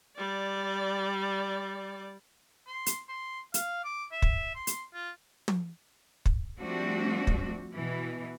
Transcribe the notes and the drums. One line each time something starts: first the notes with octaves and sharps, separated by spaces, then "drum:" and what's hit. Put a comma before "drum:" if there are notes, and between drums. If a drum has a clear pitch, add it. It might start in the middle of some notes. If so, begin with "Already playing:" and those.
G3 D5
C6
drum: hi-hat
C6
F5, drum: hi-hat
D6
E5
drum: kick
C6
drum: hi-hat
F4
drum: tom
drum: kick
F3 G3 A3 C4 D4 F#4
drum: kick
B2 E3